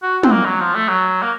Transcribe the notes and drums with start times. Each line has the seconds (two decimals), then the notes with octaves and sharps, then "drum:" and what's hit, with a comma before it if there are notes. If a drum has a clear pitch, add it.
0.03 F#4
0.23 C4, drum: tom
0.32 A#3
0.46 F#3
0.60 F3
0.75 A3
0.89 F#3
1.23 A#3